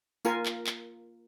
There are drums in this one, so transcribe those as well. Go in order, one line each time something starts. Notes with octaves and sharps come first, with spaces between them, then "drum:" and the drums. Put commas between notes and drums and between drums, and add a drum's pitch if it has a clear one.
A#3 F4 A#4 G#5, drum: tambourine
drum: clap
drum: clap